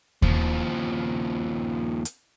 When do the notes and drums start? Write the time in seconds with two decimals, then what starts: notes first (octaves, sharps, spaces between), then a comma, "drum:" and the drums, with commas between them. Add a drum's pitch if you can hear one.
0.22 D#2 F3, drum: kick D#2
2.05 drum: hi-hat